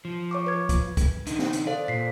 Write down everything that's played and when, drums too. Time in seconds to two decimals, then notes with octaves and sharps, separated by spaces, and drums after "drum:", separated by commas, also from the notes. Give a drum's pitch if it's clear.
0.05 F3
0.31 C#5 C#6 D6
0.46 B4 G#6
0.69 drum: kick, hi-hat
0.97 drum: kick, hi-hat
1.27 D3 D#4, drum: hi-hat
1.39 drum: snare
1.53 drum: hi-hat
1.67 A4 C5 D5 F5
1.88 A#2 B6 C7